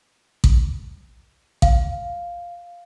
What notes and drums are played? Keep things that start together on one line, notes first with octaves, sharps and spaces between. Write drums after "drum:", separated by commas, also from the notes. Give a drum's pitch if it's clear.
drum: kick A1
F5, drum: kick A1